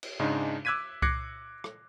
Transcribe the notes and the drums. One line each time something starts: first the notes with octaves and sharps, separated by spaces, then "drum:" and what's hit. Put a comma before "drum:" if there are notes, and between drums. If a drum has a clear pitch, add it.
drum: cymbal
G#2 C#3 G#3 D4 D#4
D6 E6 F#6 G#6 B6 D#7
D6 F#6 G#6 A#6 C7 C#7, drum: kick C2
drum: rim click